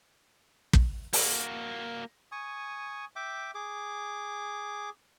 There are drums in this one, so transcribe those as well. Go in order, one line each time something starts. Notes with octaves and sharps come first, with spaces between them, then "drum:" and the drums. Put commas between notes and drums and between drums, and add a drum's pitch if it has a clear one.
drum: kick
A#3 F#4, drum: open hi-hat
G#5 C#6 D#6
E5 G5 D6
G#4 D6